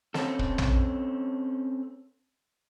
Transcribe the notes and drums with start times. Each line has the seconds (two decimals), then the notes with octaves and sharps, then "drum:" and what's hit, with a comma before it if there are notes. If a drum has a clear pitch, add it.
0.14 C4 C#4 A4, drum: snare
0.39 drum: kick
0.58 drum: tom